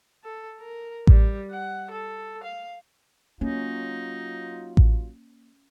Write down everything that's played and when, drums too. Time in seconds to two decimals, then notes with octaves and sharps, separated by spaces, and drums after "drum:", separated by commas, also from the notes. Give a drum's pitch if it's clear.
0.24 A4
0.61 A#4
1.07 G3, drum: kick A1
1.51 F#5
1.91 A4
2.44 F5
3.41 F#3 A#3 C#4 D#4 F4
4.77 drum: kick A1